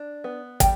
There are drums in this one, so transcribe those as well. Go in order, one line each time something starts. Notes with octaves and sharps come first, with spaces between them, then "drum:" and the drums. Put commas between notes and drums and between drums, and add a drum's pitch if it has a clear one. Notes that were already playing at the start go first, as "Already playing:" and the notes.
Already playing: D4
B3
G3 G5, drum: kick, hi-hat